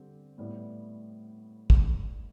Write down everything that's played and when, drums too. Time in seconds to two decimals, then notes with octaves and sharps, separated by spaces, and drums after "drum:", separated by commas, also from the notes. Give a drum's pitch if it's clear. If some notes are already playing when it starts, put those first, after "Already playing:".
Already playing: D3 G3 C4 G4
0.38 A2 G3 B3 E4
1.70 drum: kick